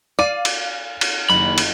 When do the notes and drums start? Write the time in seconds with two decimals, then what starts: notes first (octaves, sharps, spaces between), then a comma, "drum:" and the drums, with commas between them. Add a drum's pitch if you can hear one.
0.19 D5 F5 D#7
0.45 drum: cymbal
1.01 drum: cymbal
1.30 F#1 D#2 B5
1.58 drum: cymbal